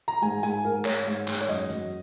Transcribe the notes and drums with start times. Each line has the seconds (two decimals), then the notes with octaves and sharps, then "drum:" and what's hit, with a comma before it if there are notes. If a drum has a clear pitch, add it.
0.08 A#5
0.22 G#2 G#5
0.43 G#2 G#5, drum: hi-hat
0.65 G#2 A#4
0.85 G#2 C#5, drum: clap
1.06 G#2
1.28 G#2, drum: clap
1.41 C#5
1.49 F#2 D#5
1.70 F#3, drum: hi-hat